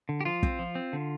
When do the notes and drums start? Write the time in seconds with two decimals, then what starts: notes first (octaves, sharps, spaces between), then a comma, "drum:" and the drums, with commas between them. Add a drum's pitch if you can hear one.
0.09 D3
0.21 G4
0.25 F3 F4
0.43 C4, drum: kick
0.59 F3
0.75 C4
0.93 D3